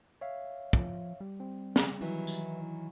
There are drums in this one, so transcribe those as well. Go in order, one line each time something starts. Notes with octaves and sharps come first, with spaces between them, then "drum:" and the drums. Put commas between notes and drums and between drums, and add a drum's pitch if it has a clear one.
C#5 E5 F5
F3, drum: kick
G3
C4
drum: snare
D#3 E3 F#3 E4 B4 E5
drum: tambourine